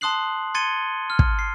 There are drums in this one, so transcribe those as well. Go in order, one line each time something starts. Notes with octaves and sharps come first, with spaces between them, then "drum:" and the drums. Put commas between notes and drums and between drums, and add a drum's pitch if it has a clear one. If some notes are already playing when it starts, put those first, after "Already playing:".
A5 C6 D#6 F#6 C7 F#7
C6 G#6 A6 C#7 D#7 G7
F6
drum: kick
C7